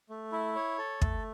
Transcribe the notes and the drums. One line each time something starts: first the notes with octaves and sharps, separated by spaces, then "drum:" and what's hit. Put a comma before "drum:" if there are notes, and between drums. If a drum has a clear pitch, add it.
A3
E4
C#5
A4
A3, drum: kick